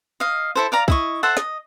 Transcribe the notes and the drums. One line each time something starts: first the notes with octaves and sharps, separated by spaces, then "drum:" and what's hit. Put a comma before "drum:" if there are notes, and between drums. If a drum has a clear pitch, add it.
D#5 F5
E4 A4 C5
D5 F5 A#5
E4 D#5 C#6, drum: kick
A4 C5 E5 F#5
D#5, drum: snare